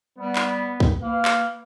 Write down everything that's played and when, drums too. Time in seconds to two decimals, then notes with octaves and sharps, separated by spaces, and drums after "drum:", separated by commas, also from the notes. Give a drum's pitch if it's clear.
0.19 G3 B3
0.36 drum: clap
0.80 drum: kick
1.03 A#3 B4 F5
1.25 drum: clap